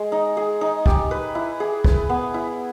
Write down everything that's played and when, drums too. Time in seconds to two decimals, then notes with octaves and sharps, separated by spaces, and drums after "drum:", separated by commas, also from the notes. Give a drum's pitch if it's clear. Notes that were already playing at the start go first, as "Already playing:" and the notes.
Already playing: G#3
0.12 D#4
0.37 G#4
0.61 D#4
0.86 G4, drum: kick
1.11 B4
1.35 E4
1.60 G#4
1.85 B4, drum: kick
2.09 B3
2.34 E4